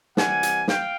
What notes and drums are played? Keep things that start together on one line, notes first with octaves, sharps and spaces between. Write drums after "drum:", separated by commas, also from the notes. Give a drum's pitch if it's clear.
C3 E3 G3 F#5 G#5, drum: snare
drum: hi-hat
F5 G5, drum: snare